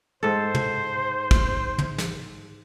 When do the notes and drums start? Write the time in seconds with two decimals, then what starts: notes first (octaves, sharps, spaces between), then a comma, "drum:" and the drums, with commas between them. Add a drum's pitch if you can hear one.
0.23 G#2 A4 C5
0.55 drum: tom
1.31 drum: kick
1.78 drum: tom
1.98 drum: snare